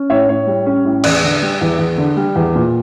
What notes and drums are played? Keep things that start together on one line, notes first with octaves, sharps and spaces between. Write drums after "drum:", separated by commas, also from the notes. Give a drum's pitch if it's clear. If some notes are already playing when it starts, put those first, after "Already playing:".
Already playing: C#4
A2 C#5 E5
A2 C#5
G3
C#4
A2
E2 D5, drum: cymbal
D3
G3
E2
E2
D3
G3
E2
A#2